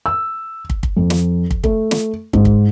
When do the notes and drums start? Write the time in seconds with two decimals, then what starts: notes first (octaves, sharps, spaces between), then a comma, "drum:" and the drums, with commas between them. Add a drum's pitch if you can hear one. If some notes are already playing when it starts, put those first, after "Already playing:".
0.06 E6
0.70 drum: kick
0.83 drum: kick
0.97 F2
1.10 drum: snare
1.51 drum: kick
1.64 A3, drum: kick
1.91 drum: snare
2.33 G#2, drum: kick
2.45 drum: kick